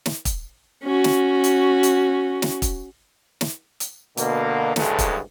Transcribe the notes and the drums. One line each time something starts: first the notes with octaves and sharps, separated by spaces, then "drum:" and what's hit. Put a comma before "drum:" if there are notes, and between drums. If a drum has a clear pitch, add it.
drum: snare
drum: kick, hi-hat
C#4 F#4
drum: snare
drum: hi-hat
drum: hi-hat
drum: snare
drum: kick, hi-hat
drum: snare
drum: hi-hat
B2 D3 A#3, drum: hi-hat
A1 D2 G2 C#3 G#3 A4, drum: snare
drum: kick, hi-hat